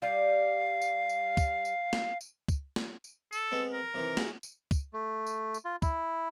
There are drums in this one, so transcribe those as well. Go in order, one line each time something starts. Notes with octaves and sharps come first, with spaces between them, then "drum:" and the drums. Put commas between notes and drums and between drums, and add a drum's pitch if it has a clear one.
G3 F5
drum: tambourine
drum: tambourine
drum: kick, tambourine
drum: tambourine
drum: snare
drum: tambourine
drum: kick, tambourine
drum: snare
drum: tambourine
A4, drum: tambourine
G#3 B3 C4
A#4
C3 D#3 E3
E4 F#4 G#4, drum: snare
drum: tambourine
drum: kick, tambourine
A3
drum: tambourine
drum: tambourine
F4
E4, drum: kick, tambourine